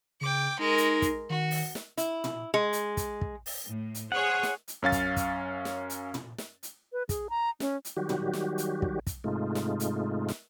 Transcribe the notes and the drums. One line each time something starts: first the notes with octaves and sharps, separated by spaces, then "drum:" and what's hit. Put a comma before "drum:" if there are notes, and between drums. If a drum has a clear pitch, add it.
C#3 G5 D6
G#3 D#4 A#4
drum: hi-hat
drum: kick, hi-hat
D#3 F#4
drum: open hi-hat
drum: snare
E4, drum: hi-hat
drum: tom
G#3
drum: hi-hat
drum: kick, hi-hat
drum: kick
drum: open hi-hat
A2
drum: hi-hat
G#4 C5 C#5 F#5
drum: snare
drum: hi-hat
F#2 C#4 F5 A6
drum: kick, hi-hat
drum: kick, hi-hat
drum: snare
drum: hi-hat
drum: tom
drum: snare
drum: hi-hat
B4
G#4, drum: kick, hi-hat
A#5
C#4, drum: snare
drum: hi-hat
D#3 F#3 G3 F#4 G4
drum: tom
drum: snare
drum: hi-hat
drum: kick
drum: kick, hi-hat
G#2 C3 G#3 A3 D#4 F4
drum: snare
drum: hi-hat
drum: snare